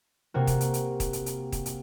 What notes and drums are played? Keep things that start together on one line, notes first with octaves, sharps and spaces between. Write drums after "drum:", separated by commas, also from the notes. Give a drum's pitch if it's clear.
C3 A#3 F#4
drum: kick D#1, hi-hat
drum: hi-hat
drum: hi-hat
drum: kick D#1, hi-hat
drum: hi-hat
drum: hi-hat
drum: kick D#1, hi-hat
drum: hi-hat